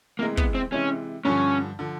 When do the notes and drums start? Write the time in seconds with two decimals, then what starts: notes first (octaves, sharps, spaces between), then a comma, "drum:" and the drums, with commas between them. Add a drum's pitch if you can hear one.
0.19 C3 E3 G#3 A#3
0.37 B3, drum: kick
0.55 C4
0.72 C3 E3 G#3 C#4
1.25 G2 D3 F3 C#4
1.79 D3 F3